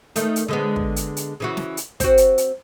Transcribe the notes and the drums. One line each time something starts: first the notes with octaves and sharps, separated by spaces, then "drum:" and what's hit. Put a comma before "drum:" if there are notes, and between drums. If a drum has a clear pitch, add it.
D#3 A3, drum: hi-hat
drum: hi-hat
D3 G#3 B3
drum: kick
drum: hi-hat
drum: hi-hat
C#3 E3 F#4
drum: snare
drum: hi-hat
C4 F#4, drum: kick, hi-hat
drum: hi-hat
drum: hi-hat